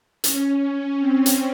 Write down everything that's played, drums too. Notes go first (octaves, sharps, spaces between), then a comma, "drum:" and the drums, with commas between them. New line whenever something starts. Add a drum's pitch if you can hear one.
C#4, drum: hi-hat
C4
drum: hi-hat